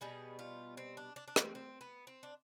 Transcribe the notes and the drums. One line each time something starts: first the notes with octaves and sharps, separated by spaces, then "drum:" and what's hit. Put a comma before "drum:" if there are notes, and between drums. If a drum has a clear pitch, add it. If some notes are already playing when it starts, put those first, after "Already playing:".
B2 G3 B3 G#4
F4
C4
D4
D4
D4
C4, drum: rim click
C4
B3
C4
D4